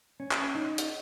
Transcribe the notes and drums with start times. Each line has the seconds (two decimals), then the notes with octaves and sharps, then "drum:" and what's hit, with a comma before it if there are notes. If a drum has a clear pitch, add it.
0.20 C#4
0.32 drum: clap
0.55 D#4
0.78 drum: hi-hat